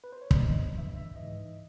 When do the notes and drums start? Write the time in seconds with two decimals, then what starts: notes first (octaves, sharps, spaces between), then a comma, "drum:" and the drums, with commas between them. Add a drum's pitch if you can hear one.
0.04 B4
0.12 C5
0.22 C#5
0.31 D5, drum: kick
0.39 G2 E3 D#5
0.78 G2 E3 E5
0.96 E5
1.16 G#2 E3 D#5